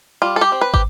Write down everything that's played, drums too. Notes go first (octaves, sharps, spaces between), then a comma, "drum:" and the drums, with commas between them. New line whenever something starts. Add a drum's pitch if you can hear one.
G3 F4
A4
G4
C4
B4
G4, drum: kick